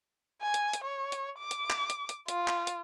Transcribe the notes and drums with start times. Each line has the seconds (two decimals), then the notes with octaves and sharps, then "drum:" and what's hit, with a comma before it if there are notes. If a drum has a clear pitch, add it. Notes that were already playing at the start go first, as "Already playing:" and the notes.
0.42 G#5
0.54 drum: hi-hat
0.73 drum: hi-hat
0.84 C#5
1.12 drum: hi-hat
1.38 D6
1.51 drum: hi-hat
1.70 drum: clap
1.90 drum: hi-hat
2.09 drum: hi-hat
2.28 F4, drum: hi-hat
2.48 drum: clap
2.67 drum: hi-hat